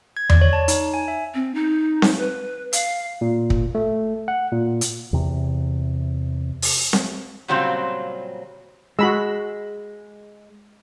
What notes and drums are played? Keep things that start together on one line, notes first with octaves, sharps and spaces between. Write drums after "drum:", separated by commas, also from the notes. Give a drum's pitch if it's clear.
G#6
D5, drum: tom E2
C#5
A5
D#4, drum: hi-hat
G#5
E5
C4
D#4
drum: snare C4
B4
F5, drum: hi-hat
A#2
drum: kick
A3
F#5
A#2
drum: hi-hat
E2 C3
drum: open hi-hat
drum: snare C4
A#2 C#3 F#3 G3 C4 F4
G#3 F#4 B5 E6